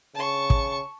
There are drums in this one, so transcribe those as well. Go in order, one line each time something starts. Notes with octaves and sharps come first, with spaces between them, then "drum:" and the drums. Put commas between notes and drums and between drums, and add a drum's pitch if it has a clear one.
C#3 A5 C#6
drum: kick